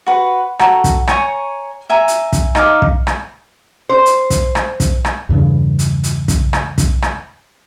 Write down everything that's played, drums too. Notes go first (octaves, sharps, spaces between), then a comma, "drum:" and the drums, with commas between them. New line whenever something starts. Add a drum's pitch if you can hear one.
F#4 B4 F#5
F#4 A4 A#5, drum: rim click
drum: kick, hi-hat
C#5 G#5 A#5 C#6, drum: rim click
E5 G#5 A#5
drum: hi-hat
drum: kick, hi-hat
D#4 F5 D6, drum: rim click
drum: kick
drum: rim click
C5
drum: hi-hat
drum: kick, hi-hat
drum: rim click
drum: kick, hi-hat
drum: rim click
E2 G2 C#3 E3
drum: hi-hat
drum: hi-hat
drum: kick, hi-hat
drum: rim click
drum: kick, hi-hat
drum: rim click